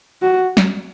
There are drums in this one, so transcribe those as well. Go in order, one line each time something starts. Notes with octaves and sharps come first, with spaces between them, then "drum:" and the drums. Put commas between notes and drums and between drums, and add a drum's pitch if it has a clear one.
F#4
drum: snare